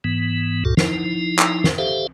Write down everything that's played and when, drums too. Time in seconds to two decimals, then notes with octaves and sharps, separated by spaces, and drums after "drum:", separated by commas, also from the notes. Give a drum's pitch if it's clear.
0.04 G#2 E3 B3
0.65 C#2 G2 A#2 F#4 A4
0.77 F3 D#4 E4, drum: snare
1.39 drum: clap
1.64 drum: snare
1.78 G4 A4 C5 E5 F5